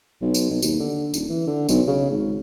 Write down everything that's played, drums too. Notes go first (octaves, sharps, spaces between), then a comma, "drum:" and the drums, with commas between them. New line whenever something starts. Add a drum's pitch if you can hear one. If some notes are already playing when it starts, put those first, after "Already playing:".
B1
drum: tambourine
B1
D#2, drum: tambourine
D3
D#1, drum: tambourine
E3
D3
B1, drum: tambourine
C#3
G#1